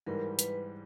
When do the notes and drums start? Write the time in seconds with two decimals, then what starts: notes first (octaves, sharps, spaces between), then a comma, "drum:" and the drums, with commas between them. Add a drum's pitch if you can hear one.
0.06 G#2 E3 G3 A#4
0.39 B4, drum: hi-hat